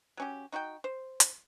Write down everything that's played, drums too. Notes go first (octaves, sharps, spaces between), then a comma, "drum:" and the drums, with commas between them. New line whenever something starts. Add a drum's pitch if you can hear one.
F#3 C#4 G4
D#4 F#4 C#5 G5
C5
drum: hi-hat